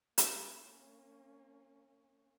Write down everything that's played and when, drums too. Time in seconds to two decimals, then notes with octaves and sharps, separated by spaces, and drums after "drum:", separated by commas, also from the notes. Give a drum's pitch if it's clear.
0.18 A#3 C#4, drum: hi-hat